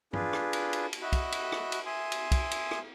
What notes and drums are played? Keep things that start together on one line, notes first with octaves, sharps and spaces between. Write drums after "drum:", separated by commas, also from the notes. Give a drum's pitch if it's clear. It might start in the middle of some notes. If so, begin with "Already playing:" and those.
D4 F4 G#4 B4, drum: tom G2
drum: rim click
drum: cymbal
drum: cymbal
drum: cymbal
F#4 D#5 E5 B5 F#6
drum: kick, cymbal
drum: cymbal
drum: rim click
drum: cymbal
E5 G#5 C6 D#6
drum: cymbal
drum: kick, cymbal
drum: cymbal
drum: rim click